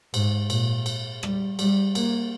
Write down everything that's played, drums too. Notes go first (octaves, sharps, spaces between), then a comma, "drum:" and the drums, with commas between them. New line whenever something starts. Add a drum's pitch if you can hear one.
G#2, drum: cymbal
A#2, drum: cymbal
drum: cymbal
G3, drum: rim click
G3, drum: cymbal
A#3, drum: cymbal